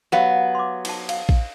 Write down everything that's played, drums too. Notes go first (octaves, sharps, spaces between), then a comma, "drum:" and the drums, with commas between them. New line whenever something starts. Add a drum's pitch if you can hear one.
F#3 B3 G4 C#5 F5
C6 D6
D#4 A5, drum: cymbal
F5, drum: cymbal
drum: kick